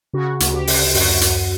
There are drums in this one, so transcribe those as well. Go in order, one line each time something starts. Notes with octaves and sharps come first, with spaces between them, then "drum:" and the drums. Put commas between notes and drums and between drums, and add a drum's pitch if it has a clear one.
C#3 F#4
D2, drum: hi-hat
G4
D2, drum: open hi-hat
F#2 F#4, drum: open hi-hat
F#2, drum: hi-hat